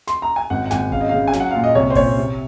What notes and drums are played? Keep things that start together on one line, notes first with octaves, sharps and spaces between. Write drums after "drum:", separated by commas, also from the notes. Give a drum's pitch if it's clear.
C6, drum: snare
A#5
G#5
G#1 F#5
F#5
G#1 G#5, drum: snare
C#3 F5, drum: kick G1
D#5
C#3 F5
G#5
F#3, drum: snare
F#5
A#2 F5
D#5
C2 C#5
C5
A#2 C#5, drum: kick G1, open hi-hat
C3